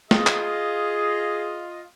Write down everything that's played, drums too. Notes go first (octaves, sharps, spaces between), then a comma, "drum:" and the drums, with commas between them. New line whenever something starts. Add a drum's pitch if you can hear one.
F4 G#4 D#5, drum: snare
drum: clap